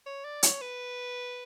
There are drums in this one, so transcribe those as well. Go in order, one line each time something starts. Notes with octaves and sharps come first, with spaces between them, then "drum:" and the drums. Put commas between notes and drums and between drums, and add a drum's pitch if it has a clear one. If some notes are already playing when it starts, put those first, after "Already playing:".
C#5
D5
C#5, drum: hi-hat
B4